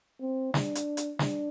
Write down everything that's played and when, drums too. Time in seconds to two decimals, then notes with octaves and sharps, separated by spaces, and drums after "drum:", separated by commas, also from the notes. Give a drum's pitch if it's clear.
0.21 C4
0.54 D4, drum: snare
0.75 drum: hi-hat
0.97 drum: hi-hat
1.19 D4, drum: snare